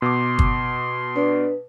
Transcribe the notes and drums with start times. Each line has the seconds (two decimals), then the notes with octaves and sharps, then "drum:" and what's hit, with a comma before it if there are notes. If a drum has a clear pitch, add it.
0.02 B2 C6 D6
0.39 drum: kick
1.16 D4 B4